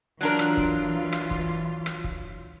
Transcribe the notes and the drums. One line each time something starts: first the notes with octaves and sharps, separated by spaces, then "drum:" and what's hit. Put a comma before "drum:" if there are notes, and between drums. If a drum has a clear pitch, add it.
E3 F#3 D4 F4 A#4
drum: rim click
drum: kick F1
drum: rim click
drum: kick F1
drum: rim click
drum: kick F1